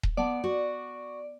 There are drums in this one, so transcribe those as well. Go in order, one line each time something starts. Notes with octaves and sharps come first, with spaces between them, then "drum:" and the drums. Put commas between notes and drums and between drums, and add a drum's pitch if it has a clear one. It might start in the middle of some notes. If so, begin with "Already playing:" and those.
drum: kick D#1
B3 D5 F#5 A5
F#4